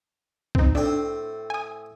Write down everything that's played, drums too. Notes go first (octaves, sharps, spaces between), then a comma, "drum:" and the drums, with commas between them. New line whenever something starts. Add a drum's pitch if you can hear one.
C4 D#4, drum: kick C2
A2 C4 D4
G#5 D#6